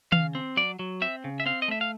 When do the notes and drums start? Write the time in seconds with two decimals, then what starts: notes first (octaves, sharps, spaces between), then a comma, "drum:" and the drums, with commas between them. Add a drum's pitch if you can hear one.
0.12 C#3 F5, drum: tom D#3
0.35 C4
0.57 F#3 D5
0.79 F#3
1.02 C4 E5
1.24 C#3
1.40 E5
1.46 C4 F5
1.62 D#5
1.68 A3 E5
1.81 F5